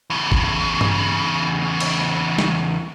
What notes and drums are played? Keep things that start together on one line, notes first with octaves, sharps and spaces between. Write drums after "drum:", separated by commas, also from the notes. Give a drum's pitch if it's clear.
E2 C#3
drum: kick
drum: tom G2
drum: cymbal
drum: snare